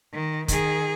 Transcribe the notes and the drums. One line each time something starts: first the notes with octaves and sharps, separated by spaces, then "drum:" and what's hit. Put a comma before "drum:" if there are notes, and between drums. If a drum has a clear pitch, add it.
D#3
D#3 G#4, drum: kick, hi-hat